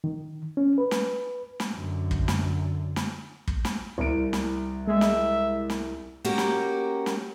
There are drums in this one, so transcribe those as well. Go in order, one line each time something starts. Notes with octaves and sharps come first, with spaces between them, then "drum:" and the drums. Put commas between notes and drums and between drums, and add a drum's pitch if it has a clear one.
D#3
C#4
B4
drum: snare
drum: snare
F#2 D3
drum: kick
drum: snare
drum: snare
drum: kick
drum: snare
C2 E4 D7
drum: snare
G#3 E5
drum: snare
drum: snare
A#3 C#4 F#4 G4 A#4
drum: snare
drum: snare